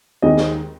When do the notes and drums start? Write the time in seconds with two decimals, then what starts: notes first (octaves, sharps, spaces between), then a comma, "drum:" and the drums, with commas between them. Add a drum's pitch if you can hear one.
0.22 D#2 D#3 G#3 D#5
0.37 drum: snare